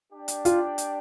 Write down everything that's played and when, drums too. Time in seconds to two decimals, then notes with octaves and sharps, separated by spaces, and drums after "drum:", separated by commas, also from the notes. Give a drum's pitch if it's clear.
0.11 D4 G4 D5 G5
0.28 drum: hi-hat
0.45 F4, drum: hi-hat
0.78 drum: hi-hat